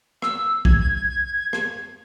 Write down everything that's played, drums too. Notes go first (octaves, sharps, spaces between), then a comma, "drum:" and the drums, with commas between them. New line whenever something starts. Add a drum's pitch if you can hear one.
E6, drum: rim click
G#6, drum: kick
G#6
G#6
G#6
G#6
G#6
G#6, drum: rim click